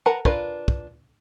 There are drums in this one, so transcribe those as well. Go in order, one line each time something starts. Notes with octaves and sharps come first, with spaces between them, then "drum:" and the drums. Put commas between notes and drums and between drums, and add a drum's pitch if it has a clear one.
A#4 B4 F#5 A5 A#5
D4 F4 A#4 B4, drum: kick
drum: kick